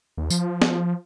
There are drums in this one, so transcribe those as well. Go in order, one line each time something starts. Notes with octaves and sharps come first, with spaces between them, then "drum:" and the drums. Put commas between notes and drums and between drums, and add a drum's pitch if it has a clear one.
D#2
F3, drum: tambourine
drum: snare B3